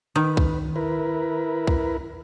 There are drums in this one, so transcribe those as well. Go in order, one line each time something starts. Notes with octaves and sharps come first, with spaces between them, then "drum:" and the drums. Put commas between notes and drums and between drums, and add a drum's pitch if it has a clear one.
D#3 B4
drum: kick B1
E4 A#4 B4
drum: kick B1